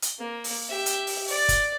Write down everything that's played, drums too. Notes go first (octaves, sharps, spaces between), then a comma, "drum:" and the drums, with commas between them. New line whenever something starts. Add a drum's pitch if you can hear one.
drum: hi-hat
A#3
drum: open hi-hat
G4 E5
drum: hi-hat
drum: open hi-hat
D5, drum: open hi-hat
drum: kick, hi-hat